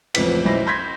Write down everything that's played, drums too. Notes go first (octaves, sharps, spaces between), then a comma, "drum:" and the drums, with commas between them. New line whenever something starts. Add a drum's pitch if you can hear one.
A1 F2 C#3 C4 B4 B6, drum: cymbal
B1 E4 C5 B5 A#6
B5 C6 G6 G#6 A#6 B6